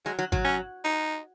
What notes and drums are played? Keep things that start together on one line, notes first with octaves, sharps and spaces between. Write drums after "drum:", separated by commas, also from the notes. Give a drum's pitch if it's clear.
F#3 G#3
F#3
F#3, drum: kick G#1
C#4
D#4